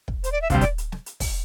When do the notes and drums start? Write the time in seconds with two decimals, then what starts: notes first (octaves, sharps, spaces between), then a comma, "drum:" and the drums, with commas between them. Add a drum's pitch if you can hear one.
0.08 drum: kick
0.24 C5, drum: hi-hat
0.32 D5
0.42 E5
0.50 D2 C3 G3 F5, drum: kick, hi-hat
0.61 D5, drum: hi-hat
0.78 drum: hi-hat
0.92 drum: snare
1.06 drum: hi-hat
1.20 drum: kick, open hi-hat